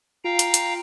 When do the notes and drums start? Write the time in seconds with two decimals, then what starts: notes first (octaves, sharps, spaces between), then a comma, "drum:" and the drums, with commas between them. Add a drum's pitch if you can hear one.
0.24 F4 F5 G5 A#5
0.39 drum: hi-hat
0.54 drum: hi-hat